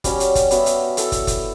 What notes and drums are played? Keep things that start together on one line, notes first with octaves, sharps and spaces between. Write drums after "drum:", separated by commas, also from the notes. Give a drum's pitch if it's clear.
G3 C#4 F#4 C#5, drum: kick, hi-hat
drum: hi-hat
drum: kick, hi-hat
B3 F#4 C#5 E5, drum: hi-hat
drum: hi-hat
E4 A4 D5, drum: hi-hat
drum: kick, hi-hat
drum: kick, hi-hat